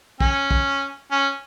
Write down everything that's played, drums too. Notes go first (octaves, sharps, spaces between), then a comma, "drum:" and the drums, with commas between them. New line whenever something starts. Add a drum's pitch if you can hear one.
C#4, drum: kick
drum: kick
C#4